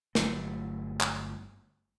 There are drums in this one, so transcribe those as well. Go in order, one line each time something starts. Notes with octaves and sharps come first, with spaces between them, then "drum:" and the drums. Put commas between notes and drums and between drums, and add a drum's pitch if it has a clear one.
G1 F#3 A3, drum: snare
drum: clap